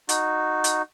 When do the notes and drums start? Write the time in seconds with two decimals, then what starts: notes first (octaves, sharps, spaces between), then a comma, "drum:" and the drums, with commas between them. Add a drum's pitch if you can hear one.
0.09 D#4 F#4, drum: hi-hat
0.64 drum: hi-hat